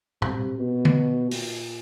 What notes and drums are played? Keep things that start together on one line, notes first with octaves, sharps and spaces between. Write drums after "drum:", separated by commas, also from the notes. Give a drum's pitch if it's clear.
C3, drum: tom
B2
drum: tom D3
A#2, drum: open hi-hat